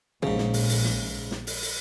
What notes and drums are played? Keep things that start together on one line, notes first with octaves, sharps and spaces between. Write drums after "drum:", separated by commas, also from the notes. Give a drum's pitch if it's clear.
A#1 G#2 C#3, drum: tom
drum: snare
drum: open hi-hat
drum: open hi-hat
drum: snare
drum: snare
drum: open hi-hat
drum: open hi-hat